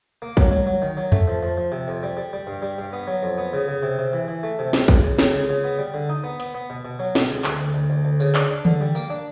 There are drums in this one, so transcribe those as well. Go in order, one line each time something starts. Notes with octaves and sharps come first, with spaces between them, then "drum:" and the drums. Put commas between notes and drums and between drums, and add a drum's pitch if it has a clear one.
A#3
F#3, drum: kick
F#3, drum: tom G3
F#3
D#3
F#3
A3, drum: tom E2
F3
F3
F3
C3
F2
G3
G3
G3
G2
G3
G2
B3
F#3
F2
B3
C#3
C#3
C3
C3
E3
E3
A3
C3
C#2, drum: snare
C#2, drum: kick
C#2
C#3, drum: snare
C#2
C#3
B3
G3
D3
D#4
B3
B3, drum: hi-hat
B3
B2
B2
F#3
B2, drum: snare
C#2, drum: hi-hat
D2, drum: clap
D2
D2
D2
D2
C#3, drum: tambourine
D4, drum: clap
D4
D3, drum: tom D#3
G3
A#3, drum: tambourine
D4